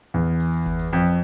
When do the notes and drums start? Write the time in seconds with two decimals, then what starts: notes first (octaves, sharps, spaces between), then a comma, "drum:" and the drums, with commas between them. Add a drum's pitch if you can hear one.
0.14 E2
0.40 drum: open hi-hat
0.53 drum: hi-hat
0.66 drum: kick G1, hi-hat
0.79 drum: open hi-hat
0.93 F2
1.05 drum: hi-hat